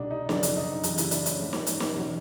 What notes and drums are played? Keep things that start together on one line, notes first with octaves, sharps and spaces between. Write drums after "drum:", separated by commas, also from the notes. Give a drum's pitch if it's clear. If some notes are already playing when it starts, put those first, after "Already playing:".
Already playing: C2 B2 G3 D4 D#4
D#4
F#2 C#3 F3 D4, drum: snare
drum: hi-hat
D#4
F#2 C#3 E3 G3, drum: hi-hat
E4, drum: hi-hat
D4, drum: hi-hat
C#4, drum: hi-hat
G#2 F3
drum: snare
drum: hi-hat
drum: snare
E2 B2 F#3 C#4